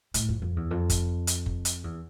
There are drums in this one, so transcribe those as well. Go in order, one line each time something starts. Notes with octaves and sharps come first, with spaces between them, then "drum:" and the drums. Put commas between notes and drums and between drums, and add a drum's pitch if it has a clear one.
A2, drum: hi-hat
F2
F2
E2
F2
drum: kick F#1, hi-hat
drum: hi-hat
drum: kick F#1
drum: hi-hat
E2